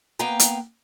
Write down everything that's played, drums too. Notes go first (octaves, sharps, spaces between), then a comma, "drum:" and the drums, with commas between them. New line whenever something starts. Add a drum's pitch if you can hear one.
A#3 B3 F5 G5 A#5
drum: hi-hat